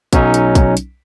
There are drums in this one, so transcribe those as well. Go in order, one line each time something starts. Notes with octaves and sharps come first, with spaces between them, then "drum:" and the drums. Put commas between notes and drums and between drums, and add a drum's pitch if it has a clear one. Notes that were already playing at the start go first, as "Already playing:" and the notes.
B1 F#3 C#4 D#4, drum: kick, hi-hat
drum: hi-hat
drum: kick, hi-hat
drum: hi-hat